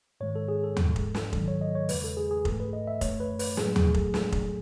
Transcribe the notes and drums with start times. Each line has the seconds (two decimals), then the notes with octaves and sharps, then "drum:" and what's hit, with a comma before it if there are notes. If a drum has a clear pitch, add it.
0.20 G#2 D#3 G#3 C#5
0.35 A4
0.48 G#4
0.64 A4
0.77 G#2 E3 G#3, drum: tom D#2
0.96 drum: kick F1
1.15 drum: snare
1.33 G#2 D#3 F#3 A4, drum: kick F1
1.48 C#5
1.61 D#5
1.75 C#5
1.89 E2 C#3 G#3 B4, drum: open hi-hat
2.04 A4
2.17 G#4
2.31 G#4
2.45 G#2 E3 A3 A4, drum: kick F1
2.60 B4
2.73 D#5
2.87 E5
3.01 F#2 E3 A3 C#5, drum: kick F1, hi-hat
3.20 B4
3.39 B4, drum: open hi-hat
3.57 A2 F#3 A3 G#4, drum: snare
3.76 G#4, drum: tom D#2
3.94 A4, drum: kick F1
4.14 drum: snare
4.32 drum: kick F1